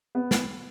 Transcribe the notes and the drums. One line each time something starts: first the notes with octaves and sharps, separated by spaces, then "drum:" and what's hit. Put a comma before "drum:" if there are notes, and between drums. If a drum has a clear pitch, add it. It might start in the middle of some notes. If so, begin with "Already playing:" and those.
B3
drum: snare